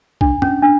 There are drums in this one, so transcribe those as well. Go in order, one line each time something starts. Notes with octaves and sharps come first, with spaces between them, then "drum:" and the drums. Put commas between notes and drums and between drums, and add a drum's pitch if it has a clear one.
D4, drum: kick C2
C#4, drum: tom
D4